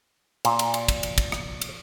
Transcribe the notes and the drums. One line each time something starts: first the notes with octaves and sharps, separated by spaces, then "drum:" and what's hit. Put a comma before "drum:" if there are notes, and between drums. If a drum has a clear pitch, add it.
A#2, drum: cymbal
drum: cymbal
drum: cymbal
drum: kick, cymbal
drum: cymbal
drum: kick, cymbal
drum: rim click
drum: cymbal